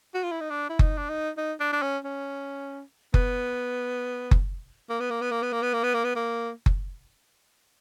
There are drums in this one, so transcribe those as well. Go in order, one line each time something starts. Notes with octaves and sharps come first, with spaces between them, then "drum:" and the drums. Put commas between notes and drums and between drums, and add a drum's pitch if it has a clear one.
F#4
F4
E4
D#4
D4
E4
D#4, drum: kick F#1
D4
D#4
D#4
D4
D4
C#4
C#4
B3, drum: kick F#1
drum: kick F#1
A#3
B3
A#3
B3
A#3
B3
A#3
B3
A#3
B3
A#3
B3
A#3
drum: kick F#1